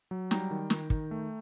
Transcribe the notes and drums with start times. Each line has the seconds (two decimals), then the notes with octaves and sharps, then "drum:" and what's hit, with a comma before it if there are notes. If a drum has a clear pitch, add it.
0.11 F#3
0.31 G3 G5 A#5, drum: snare
0.51 D#3
0.70 D#3, drum: snare
0.90 D#3, drum: kick
1.11 A3